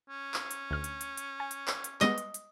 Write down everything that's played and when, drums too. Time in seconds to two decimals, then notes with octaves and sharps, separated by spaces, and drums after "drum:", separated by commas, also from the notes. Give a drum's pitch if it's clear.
0.09 C#4
0.34 drum: clap
0.51 drum: hi-hat
0.71 D2 F6
0.84 drum: hi-hat
1.01 drum: hi-hat
1.17 drum: hi-hat
1.40 G#5
1.51 drum: hi-hat
1.68 drum: clap
1.84 drum: hi-hat
2.01 G3 G#3 B3 D#5, drum: clap
2.18 drum: hi-hat
2.34 drum: hi-hat